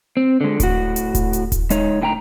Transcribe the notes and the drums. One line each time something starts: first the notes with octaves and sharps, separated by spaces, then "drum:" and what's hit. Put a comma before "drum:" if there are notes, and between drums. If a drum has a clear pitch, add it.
C4
D3 G#3
A2 F#4, drum: kick D#1, hi-hat
drum: hi-hat
drum: kick D#1, hi-hat
drum: hi-hat
drum: kick D#1, hi-hat
G#3 D#4 C#5, drum: hi-hat
A2 D3 G5 G#5 A#5